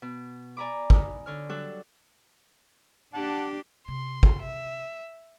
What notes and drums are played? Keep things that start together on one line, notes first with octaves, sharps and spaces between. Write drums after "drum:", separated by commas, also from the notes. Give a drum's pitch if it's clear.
B2
D5 G#5 A#5 B5 D6
D#4, drum: kick
D3 C#5 F6
F#3 G3 D4 A4 C#5 F#6
D4 G4 F#5 A5
C3 C6
drum: kick
E5